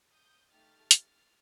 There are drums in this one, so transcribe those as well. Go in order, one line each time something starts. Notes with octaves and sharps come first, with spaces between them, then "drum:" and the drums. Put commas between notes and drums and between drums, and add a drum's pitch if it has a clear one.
D#6 G6
A3 D#4 G4 F6 A6
drum: hi-hat